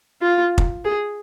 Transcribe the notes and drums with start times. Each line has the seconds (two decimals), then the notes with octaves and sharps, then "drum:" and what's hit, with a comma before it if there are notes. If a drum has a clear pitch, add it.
0.21 F4
0.58 drum: kick
0.85 G#4